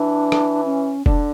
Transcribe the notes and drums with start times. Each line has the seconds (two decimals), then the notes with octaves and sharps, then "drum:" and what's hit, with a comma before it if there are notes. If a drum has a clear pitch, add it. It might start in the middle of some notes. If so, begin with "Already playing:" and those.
Already playing: E3 D4
0.32 drum: rim click
0.65 C#4
1.06 D3 D4, drum: kick F1